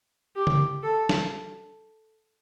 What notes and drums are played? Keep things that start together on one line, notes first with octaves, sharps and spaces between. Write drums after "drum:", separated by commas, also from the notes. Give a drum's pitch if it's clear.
G4
drum: tom C#3
A4
drum: snare